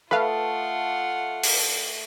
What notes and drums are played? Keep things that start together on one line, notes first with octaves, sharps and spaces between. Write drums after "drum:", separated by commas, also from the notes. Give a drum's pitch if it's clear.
A3 F4 B4 F5 F#5 A5 D#6
drum: open hi-hat